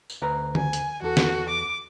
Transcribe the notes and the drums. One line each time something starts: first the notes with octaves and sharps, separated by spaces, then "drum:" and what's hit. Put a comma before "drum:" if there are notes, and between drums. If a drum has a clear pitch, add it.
drum: tambourine
D2 B4 A#5
G#5, drum: tom D3
drum: hi-hat
E2 F#4 A4
drum: snare
D6